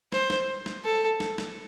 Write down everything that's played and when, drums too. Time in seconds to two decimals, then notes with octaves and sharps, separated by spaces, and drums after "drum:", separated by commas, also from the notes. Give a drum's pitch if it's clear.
0.12 C5, drum: snare
0.30 drum: snare
0.66 drum: snare
0.84 A4
1.20 drum: snare
1.38 drum: snare